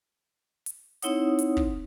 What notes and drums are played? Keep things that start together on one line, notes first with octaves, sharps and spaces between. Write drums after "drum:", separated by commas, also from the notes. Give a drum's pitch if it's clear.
drum: hi-hat
C4 D#4 E4 C#5 F#5 D#6, drum: hi-hat
drum: hi-hat
drum: kick